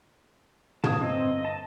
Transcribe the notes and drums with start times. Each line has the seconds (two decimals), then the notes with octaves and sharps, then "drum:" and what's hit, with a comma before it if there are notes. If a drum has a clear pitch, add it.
0.84 G1 F5 A5 D#6 G#6, drum: tom
1.02 C4 D#5 E6
1.45 A5